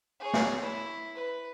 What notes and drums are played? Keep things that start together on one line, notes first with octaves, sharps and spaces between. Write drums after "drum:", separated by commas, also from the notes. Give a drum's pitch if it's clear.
G#4 C#5
drum: snare
E4
B4